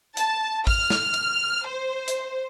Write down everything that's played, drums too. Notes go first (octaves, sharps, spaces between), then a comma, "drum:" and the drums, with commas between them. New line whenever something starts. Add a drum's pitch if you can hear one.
A5, drum: hi-hat
F6, drum: kick A1, open hi-hat
drum: snare
drum: hi-hat
C5
drum: hi-hat